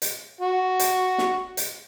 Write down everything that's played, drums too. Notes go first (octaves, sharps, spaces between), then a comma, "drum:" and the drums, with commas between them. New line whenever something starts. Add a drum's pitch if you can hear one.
drum: hi-hat
F#4
drum: hi-hat
drum: snare
drum: hi-hat